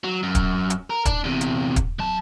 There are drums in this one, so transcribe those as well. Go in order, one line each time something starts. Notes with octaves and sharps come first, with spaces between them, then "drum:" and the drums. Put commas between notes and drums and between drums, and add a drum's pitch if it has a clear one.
F#3
F#2
drum: kick, hi-hat
drum: hi-hat
A#4
D4, drum: kick, hi-hat
E2 C3
drum: hi-hat
drum: kick, hi-hat
F#3 A5